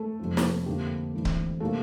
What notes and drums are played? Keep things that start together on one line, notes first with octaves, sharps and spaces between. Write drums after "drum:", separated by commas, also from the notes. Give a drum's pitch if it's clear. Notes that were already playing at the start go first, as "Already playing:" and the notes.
Already playing: A3 A4
F2 C3 F3 C4
drum: snare
F2 D3 F3 A#3 G4
G2 E3 A3 C4
drum: kick C#1
C3 G3 A3 A#3 A4